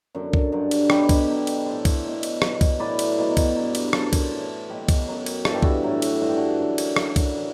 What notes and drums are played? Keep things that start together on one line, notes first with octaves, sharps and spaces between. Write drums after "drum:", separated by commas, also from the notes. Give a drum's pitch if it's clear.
F#2 D3 F#3
drum: kick C2
G2 D3 F#3
drum: cymbal
B2 F#3 G4 B4, drum: rim click
drum: kick C2, cymbal
B2 F#3
drum: cymbal
A2 F#3 A4 C5
drum: kick C2, cymbal
B2 F#3
drum: cymbal
B2 F#3, drum: rim click
drum: kick C2, cymbal
A2 F#3 B4 D5
drum: cymbal
B2 F#3
drum: kick C2, cymbal
G2 F#3
drum: cymbal
F#2 F#3 A4 C5, drum: rim click
drum: kick C2, cymbal
A2 E3
B2 F#3 G4 B4
drum: kick C2, cymbal
F#2 F#3
drum: cymbal
G2 E3 A4, drum: rim click
G4
F#4 A4, drum: kick C2
A2 F#3
drum: cymbal
G2 E3 F#4
G4
D4 F#4
F#2 D3 F#3
drum: cymbal
F#2 D3 F#3 D4 F#4, drum: rim click
drum: kick C2, cymbal
A2 E3